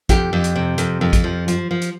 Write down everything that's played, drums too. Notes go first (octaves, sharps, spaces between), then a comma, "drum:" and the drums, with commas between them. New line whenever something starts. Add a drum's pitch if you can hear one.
F2 G4, drum: kick, hi-hat
F2
drum: hi-hat
C3
F2, drum: hi-hat
F2
drum: kick, hi-hat
F3
F3, drum: hi-hat
F3
drum: hi-hat